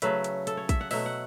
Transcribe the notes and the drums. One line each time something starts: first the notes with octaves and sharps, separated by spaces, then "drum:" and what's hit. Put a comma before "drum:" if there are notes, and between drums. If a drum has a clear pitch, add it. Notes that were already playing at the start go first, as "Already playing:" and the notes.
C#3 F#3 A3 B4, drum: hi-hat
drum: hi-hat
A4, drum: hi-hat
C#5
E5, drum: kick, hi-hat
F#5
B2 F#3 A3 E5, drum: open hi-hat
F#5